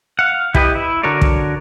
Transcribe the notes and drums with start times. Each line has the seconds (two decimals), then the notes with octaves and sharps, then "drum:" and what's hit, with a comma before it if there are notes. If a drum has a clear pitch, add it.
0.19 F5 F#5
0.55 E4 G4 B4 D#5, drum: kick
0.75 E4
1.03 D3 F#4 A#4 C#5 D5
1.22 drum: kick